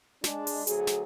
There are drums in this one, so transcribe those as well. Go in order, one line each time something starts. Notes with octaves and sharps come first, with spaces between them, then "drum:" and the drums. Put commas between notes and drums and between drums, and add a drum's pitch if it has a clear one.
G#3 D4, drum: snare
drum: open hi-hat
D2 F#3 G#4, drum: hi-hat
drum: snare